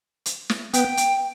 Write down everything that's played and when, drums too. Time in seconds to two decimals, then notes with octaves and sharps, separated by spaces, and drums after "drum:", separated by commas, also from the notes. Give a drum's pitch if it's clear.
0.26 drum: hi-hat
0.49 drum: snare
0.74 B3 G5, drum: hi-hat
0.97 drum: hi-hat